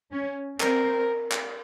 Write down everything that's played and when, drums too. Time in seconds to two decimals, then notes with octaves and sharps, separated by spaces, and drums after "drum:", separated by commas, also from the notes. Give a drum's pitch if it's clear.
0.13 C#4
0.60 C4 A#4, drum: clap
1.31 drum: clap